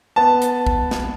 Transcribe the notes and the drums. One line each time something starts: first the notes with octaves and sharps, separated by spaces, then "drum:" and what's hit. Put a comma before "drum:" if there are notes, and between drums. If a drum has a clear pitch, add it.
B3 A5
drum: hi-hat
drum: kick
drum: snare